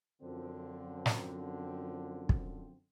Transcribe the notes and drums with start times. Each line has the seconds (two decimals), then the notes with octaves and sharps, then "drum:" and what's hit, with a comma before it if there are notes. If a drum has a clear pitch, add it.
0.22 F#2 D3 F3 C4
1.06 drum: snare
2.29 drum: kick